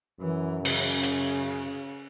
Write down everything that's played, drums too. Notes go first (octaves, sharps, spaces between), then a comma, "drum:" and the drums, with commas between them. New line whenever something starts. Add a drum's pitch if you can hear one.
F#2 E3
C#3, drum: cymbal
drum: hi-hat